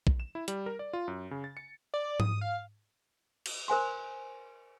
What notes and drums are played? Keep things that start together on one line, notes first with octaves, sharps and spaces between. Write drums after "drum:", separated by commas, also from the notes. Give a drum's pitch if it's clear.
drum: kick A#1
E7
E4
G3, drum: hi-hat
A#4
D5
F4
F#2
C#3
A6
C#7
D5
D#6, drum: tom G#2
F5
drum: cymbal
A#4 C5 G#5 C6